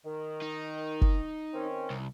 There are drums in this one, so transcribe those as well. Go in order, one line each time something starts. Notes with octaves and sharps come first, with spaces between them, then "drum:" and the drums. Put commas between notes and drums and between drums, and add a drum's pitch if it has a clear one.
D#3
D#4
drum: kick F#1
D#3 C4 C#4
C2